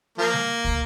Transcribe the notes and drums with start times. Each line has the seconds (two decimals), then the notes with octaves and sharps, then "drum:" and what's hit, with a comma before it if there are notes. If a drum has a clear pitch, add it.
0.18 F3 A#3
0.33 drum: snare
0.64 drum: kick